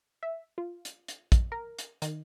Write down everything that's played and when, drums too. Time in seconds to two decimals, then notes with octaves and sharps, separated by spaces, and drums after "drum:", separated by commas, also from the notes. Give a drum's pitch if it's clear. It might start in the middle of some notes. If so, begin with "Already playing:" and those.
0.23 E5
0.58 F4
0.85 drum: hi-hat
1.08 drum: hi-hat
1.32 drum: kick, hi-hat
1.52 A#4
1.79 drum: hi-hat
2.02 D#3, drum: hi-hat